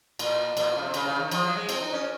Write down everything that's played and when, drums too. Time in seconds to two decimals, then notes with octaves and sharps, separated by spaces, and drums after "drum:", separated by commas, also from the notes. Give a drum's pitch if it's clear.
0.19 A#2, drum: cymbal
0.57 A#2, drum: cymbal
0.76 C#3
0.83 C3
0.94 C#3, drum: cymbal
1.07 C#3
1.19 D#3
1.31 F3, drum: cymbal
1.45 F#3
1.56 G#3
1.69 C4, drum: cymbal
1.81 D#4
1.93 C#4